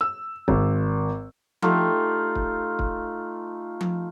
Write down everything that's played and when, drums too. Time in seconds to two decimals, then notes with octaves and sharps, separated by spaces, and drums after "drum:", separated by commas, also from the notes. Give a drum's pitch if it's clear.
0.01 E6
0.48 G#1, drum: kick
1.62 A3 D#4 F4 G4, drum: tom F3
2.35 drum: kick
2.79 drum: kick
3.81 drum: tom F3